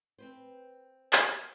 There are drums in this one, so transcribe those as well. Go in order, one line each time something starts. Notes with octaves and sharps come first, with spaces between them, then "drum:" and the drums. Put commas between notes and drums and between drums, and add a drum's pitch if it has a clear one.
C4 B4 C5
drum: clap